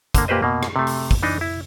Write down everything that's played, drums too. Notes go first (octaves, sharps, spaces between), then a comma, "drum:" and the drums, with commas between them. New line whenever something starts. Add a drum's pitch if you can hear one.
D3 A#3, drum: kick, hi-hat
A#2 A#3 G4 B4 C5 D#5
B2 A#3
drum: rim click
C3 A3
drum: open hi-hat
drum: kick, open hi-hat
E3 D4 D#4 D#5
E4